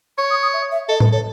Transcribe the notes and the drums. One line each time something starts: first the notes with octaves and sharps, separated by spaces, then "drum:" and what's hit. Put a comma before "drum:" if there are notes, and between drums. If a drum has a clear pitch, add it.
C#5 C#6
D#6
D#6
E5
E5
A4 D#5
A4 B4, drum: tom A2
A4 C#5